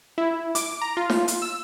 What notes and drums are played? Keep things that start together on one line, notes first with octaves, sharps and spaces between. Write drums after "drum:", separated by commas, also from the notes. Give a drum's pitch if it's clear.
E4
D6, drum: hi-hat
A#5
F4
drum: snare
drum: hi-hat
E6